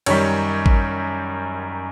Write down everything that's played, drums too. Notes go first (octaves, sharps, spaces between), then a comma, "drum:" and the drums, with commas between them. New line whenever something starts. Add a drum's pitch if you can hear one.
F#2 D#3 G3 C#5, drum: cymbal
drum: kick